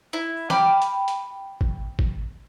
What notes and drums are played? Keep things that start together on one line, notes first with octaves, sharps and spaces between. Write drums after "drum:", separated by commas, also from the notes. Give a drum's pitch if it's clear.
E4
G5 B5 D6 F6, drum: snare
drum: hi-hat
drum: hi-hat
drum: kick G#1
drum: kick G#1